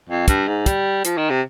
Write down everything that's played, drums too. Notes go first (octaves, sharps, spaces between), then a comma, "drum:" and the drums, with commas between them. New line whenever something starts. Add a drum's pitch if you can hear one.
F2
G2, drum: kick, hi-hat
G#2
G3, drum: kick, hi-hat
F3, drum: hi-hat
D#3
C3